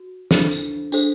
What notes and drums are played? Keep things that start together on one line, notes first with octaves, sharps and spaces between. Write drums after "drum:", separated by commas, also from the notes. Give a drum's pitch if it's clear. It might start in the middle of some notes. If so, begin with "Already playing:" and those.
Already playing: F#4
D4 A4 C5, drum: snare
drum: tambourine
D4 A4 C5, drum: tambourine